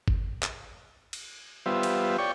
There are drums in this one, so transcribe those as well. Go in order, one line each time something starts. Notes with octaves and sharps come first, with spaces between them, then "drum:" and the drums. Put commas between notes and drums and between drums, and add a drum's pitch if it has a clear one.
drum: kick
drum: clap
drum: cymbal
G3 B3 F4 C5 E5
drum: cymbal
C#5 D5 G5 C#6